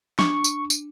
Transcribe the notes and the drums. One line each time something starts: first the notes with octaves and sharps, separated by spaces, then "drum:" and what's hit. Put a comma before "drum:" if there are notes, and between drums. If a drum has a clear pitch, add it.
D4 G#5 C#6 D6, drum: snare
drum: tambourine
drum: tambourine